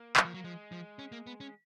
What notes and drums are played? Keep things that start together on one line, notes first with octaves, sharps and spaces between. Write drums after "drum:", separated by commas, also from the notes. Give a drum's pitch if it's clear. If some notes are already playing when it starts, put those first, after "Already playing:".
Already playing: A#3
F#3, drum: clap
F3
F#3 A#3
F3 G#3
F3
C#4
A#3
B3
C#4